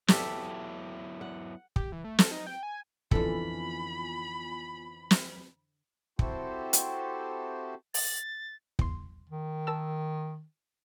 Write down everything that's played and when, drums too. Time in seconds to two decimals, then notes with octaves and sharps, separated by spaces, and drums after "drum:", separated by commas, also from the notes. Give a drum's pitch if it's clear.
0.08 F#3 B3 E4 G4 A4 E5, drum: snare
1.21 F#5
1.76 G4, drum: kick
1.92 E3
2.04 A3
2.19 A4, drum: snare
2.31 D#4
2.47 G5
2.63 G#5
3.11 F2 D3 E3 B3 F4 A4 G#5 B5, drum: kick
5.11 drum: snare
6.19 C4 E4 F#4 G4 A4 C5, drum: kick
6.73 drum: hi-hat
7.94 A6, drum: open hi-hat
8.79 E2 C6, drum: kick
9.30 D#3
9.67 A#4 A5 E6